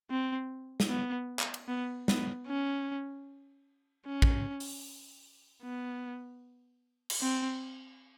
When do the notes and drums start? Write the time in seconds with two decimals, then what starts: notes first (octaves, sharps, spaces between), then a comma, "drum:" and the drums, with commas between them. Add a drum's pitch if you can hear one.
0.10 C4
0.80 drum: snare
0.89 B3
1.39 drum: clap
1.54 drum: cymbal
1.68 B3
2.08 B3, drum: snare
2.47 C#4
4.06 C#4
4.22 drum: kick
4.60 drum: open hi-hat
5.62 B3
7.10 drum: cymbal
7.21 C4